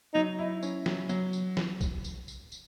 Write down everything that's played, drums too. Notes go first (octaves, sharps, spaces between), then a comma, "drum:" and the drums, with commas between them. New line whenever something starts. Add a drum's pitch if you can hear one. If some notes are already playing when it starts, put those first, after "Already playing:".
F#3 D#4
E4
C#4, drum: tambourine
F#3, drum: snare
F#3, drum: tambourine
drum: tambourine
drum: snare
drum: kick A#1, tambourine
drum: tambourine
drum: tambourine
drum: tambourine